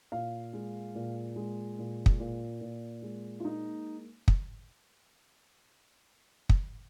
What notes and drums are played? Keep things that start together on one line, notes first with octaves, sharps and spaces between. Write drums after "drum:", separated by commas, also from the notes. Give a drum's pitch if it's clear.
A#2 F5
G#3
A#2
G#3
A#2
drum: kick
A#2
A#2
G#3
F4
A#3 D#4
drum: kick
drum: kick